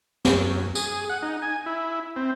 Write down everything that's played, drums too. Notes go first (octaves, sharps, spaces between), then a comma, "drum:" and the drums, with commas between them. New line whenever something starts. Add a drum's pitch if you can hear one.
F#2, drum: snare
G#4, drum: tambourine
F#5
D#4
G#5
E4
C4